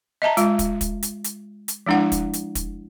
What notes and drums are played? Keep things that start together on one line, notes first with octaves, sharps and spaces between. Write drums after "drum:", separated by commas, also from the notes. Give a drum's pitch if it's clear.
D#5 E5 A5 A#5
G#3 F4, drum: hi-hat
drum: kick, hi-hat
drum: kick, hi-hat
drum: hi-hat
drum: hi-hat
drum: hi-hat
F3 G#3 D4 E4 F#5
drum: kick, hi-hat
drum: hi-hat
drum: kick, hi-hat